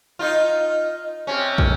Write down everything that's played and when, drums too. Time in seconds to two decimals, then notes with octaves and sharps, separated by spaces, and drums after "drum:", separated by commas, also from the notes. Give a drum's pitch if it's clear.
0.19 D#4 F4
1.27 C3 C#4
1.58 drum: kick